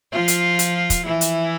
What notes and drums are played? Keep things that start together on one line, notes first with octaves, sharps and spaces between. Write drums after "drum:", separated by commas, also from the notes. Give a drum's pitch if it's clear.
F3 F4
drum: hi-hat
drum: hi-hat
drum: kick, hi-hat
E3 E4
drum: hi-hat